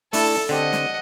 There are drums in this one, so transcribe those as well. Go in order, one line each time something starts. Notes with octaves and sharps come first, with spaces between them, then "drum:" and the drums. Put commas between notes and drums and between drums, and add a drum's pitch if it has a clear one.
A3 D4 E4 A4, drum: open hi-hat
D3 C4 G4 D#5 F#5
drum: snare